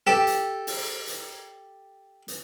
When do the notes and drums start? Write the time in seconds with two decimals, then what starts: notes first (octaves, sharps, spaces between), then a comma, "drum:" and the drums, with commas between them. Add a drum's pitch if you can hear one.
0.07 G4 A4
0.27 drum: hi-hat
0.67 drum: open hi-hat
1.07 drum: hi-hat
2.28 drum: hi-hat